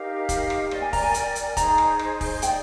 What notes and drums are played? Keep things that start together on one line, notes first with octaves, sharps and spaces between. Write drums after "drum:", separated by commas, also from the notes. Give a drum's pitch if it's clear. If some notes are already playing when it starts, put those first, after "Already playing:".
Already playing: D#4 G4 A#4 F5
drum: kick E1, hi-hat
drum: rim click
A#4 D5 D#5 G5, drum: rim click
G#5
A#5, drum: kick E1, open hi-hat
G#5
drum: hi-hat
drum: hi-hat
D#4 G#4 C5 A#5, drum: kick E1, hi-hat
drum: rim click
drum: rim click
drum: kick E1, open hi-hat
D#4 G#4 D5 G5, drum: hi-hat